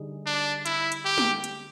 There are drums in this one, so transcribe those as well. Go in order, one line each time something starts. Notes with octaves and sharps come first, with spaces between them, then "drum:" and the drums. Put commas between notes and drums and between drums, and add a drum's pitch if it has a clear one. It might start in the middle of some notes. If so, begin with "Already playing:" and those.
Already playing: D3 G3 D#4 G#4
D4
E4, drum: hi-hat
drum: hi-hat
G4
drum: snare
drum: hi-hat